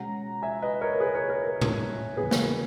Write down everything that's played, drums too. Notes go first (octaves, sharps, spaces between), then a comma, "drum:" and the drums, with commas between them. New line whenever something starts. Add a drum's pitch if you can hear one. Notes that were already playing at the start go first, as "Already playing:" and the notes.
Already playing: B2 G#3 C#4 F#5 A#5
E5 G#5
B4 D#5
A#4 C#5
G#4 B4
A#4 C#5
A#4
A#4
drum: tom A2
E2 C#3 F#3 B3 G#4 B4
A#4, drum: snare